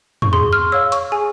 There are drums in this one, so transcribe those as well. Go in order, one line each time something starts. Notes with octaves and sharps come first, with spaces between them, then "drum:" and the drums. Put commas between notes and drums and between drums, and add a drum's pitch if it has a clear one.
C#6, drum: tom
G#4 C6
F6
C#5 F5 E6
C#6, drum: hi-hat
G#4 G#5